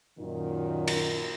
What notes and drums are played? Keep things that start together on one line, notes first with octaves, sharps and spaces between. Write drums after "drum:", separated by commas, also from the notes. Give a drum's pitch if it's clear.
F#2 A#2 D#3
drum: cymbal